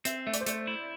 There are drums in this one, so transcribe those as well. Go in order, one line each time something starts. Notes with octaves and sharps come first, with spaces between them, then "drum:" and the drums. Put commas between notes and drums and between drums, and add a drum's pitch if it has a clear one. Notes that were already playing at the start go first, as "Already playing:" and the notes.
C4 E5, drum: hi-hat
A3 E5
D5, drum: hi-hat
C5
A3 D5, drum: hi-hat
E4